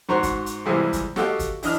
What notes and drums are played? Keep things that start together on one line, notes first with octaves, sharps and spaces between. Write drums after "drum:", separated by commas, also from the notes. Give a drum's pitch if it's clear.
G#2 F#4 C5 A#5 C6 C#6
drum: kick, hi-hat
drum: hi-hat
C3 E3 F3 G3 G#3 C4
drum: kick, hi-hat
F#4 G4 A4 D#5 F5 G5, drum: snare
drum: kick, hi-hat
E3 D4 D#5 F6, drum: open hi-hat